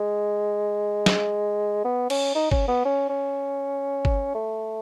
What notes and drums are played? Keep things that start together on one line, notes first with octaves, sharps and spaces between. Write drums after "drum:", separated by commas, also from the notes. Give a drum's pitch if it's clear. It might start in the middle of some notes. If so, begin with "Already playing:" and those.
Already playing: G#3
drum: snare
B3
C#4, drum: cymbal
D#4
C#4, drum: kick G1
B3
C#4
C#4
drum: kick G1
A3